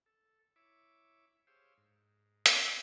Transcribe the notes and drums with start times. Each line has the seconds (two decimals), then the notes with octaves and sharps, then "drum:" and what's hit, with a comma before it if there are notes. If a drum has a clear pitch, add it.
0.06 A4
0.56 E4 C#5 E5 D6
1.47 G4 G#4 C5 C#5 F5 E6
1.77 G#2
2.46 drum: hi-hat